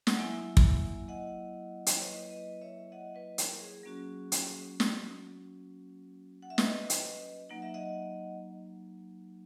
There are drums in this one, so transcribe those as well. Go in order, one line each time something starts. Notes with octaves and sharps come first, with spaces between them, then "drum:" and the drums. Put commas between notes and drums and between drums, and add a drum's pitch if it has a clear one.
F#5, drum: snare
F#3 A#3 E4 E5 G#5
drum: kick
D#5 F#5
drum: hi-hat
C#5
B4 D#5
B4 D#5
C#5 E5
D#5 F#5
B4 D#5
A#4 C#5, drum: hi-hat
G#4
F#3 A#3 C#4 F#4
drum: hi-hat
drum: snare
F#5
E5
B4 D#5, drum: snare
drum: hi-hat
F#3 A#3 D#4 F#5
E5
D#5 F#5